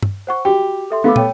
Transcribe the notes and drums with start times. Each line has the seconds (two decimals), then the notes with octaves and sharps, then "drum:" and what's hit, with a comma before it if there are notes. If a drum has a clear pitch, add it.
0.03 drum: tom G2
0.27 C5 F#5 C#6
0.45 F#4 G4 G5
0.90 A4 E5 C6
1.04 A3 B3 F5 D6
1.16 C#5 G5 D#7, drum: tom